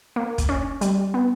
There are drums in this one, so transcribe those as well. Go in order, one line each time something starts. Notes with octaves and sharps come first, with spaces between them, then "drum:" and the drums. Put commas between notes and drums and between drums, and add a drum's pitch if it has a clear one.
A#3
drum: kick, hi-hat
C#4
G3, drum: hi-hat
B3